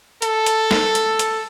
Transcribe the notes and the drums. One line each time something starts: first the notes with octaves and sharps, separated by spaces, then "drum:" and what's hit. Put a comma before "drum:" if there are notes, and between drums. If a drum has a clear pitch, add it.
A4, drum: hi-hat
drum: hi-hat
drum: snare
drum: hi-hat
drum: hi-hat